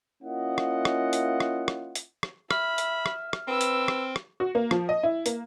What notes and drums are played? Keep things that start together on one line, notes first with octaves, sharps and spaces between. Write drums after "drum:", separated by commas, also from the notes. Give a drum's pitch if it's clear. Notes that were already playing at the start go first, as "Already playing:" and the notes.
A#3 C#4 E4 F4 D#5 F#5
drum: rim click
drum: rim click
drum: hi-hat
drum: rim click
drum: rim click
drum: hi-hat
drum: rim click
E5 B5 F6, drum: rim click
drum: hi-hat
drum: rim click
drum: rim click
C4 B4 E6
drum: hi-hat
drum: rim click
drum: rim click
F#4
A#3
F3, drum: rim click
D#5
E4
A#3, drum: hi-hat